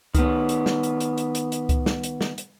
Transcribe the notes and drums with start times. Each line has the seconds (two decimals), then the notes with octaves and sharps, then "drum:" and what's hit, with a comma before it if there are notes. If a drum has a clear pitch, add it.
0.15 D#3 B3, drum: kick C#2, hi-hat
0.49 drum: hi-hat
0.66 drum: snare
0.83 drum: hi-hat
1.00 drum: hi-hat
1.18 drum: hi-hat
1.35 drum: hi-hat
1.52 drum: hi-hat
1.69 drum: kick C#2, hi-hat
1.86 drum: snare
2.03 drum: hi-hat
2.21 drum: snare
2.38 drum: hi-hat